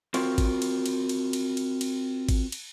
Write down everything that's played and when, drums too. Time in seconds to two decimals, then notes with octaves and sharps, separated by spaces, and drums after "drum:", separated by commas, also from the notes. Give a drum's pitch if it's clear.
0.14 C4 F4 F#4 A#4, drum: cymbal
0.38 drum: kick, cymbal
0.62 drum: cymbal
0.86 drum: cymbal
1.09 drum: cymbal
1.33 drum: cymbal
1.57 drum: cymbal
1.81 drum: cymbal
2.29 drum: kick, cymbal
2.52 drum: cymbal